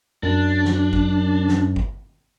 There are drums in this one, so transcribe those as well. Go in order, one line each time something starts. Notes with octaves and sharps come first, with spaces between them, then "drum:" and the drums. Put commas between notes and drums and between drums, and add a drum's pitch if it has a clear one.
F#2 D4
drum: snare
drum: kick G1
drum: snare
drum: kick G1